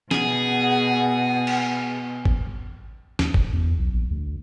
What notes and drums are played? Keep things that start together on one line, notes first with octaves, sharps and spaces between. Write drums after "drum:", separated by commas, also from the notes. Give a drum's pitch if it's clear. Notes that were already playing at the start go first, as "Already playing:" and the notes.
B2 G#4 F#5, drum: snare
drum: cymbal
drum: kick G1
D#2, drum: snare
F1, drum: kick G1
E2
B1
A#1
D2